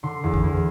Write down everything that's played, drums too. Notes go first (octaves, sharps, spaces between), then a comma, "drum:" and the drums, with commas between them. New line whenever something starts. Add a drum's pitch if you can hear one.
D3 C6
E2
drum: kick
E2